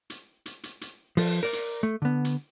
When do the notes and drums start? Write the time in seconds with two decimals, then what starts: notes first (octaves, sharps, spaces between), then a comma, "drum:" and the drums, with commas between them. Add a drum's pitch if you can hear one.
0.10 drum: hi-hat
0.46 drum: hi-hat
0.63 drum: hi-hat
0.81 drum: hi-hat
1.17 F3 A4, drum: open hi-hat
1.43 A#4 D5
1.53 drum: hi-hat
1.83 A3
2.02 D3 B3
2.25 drum: hi-hat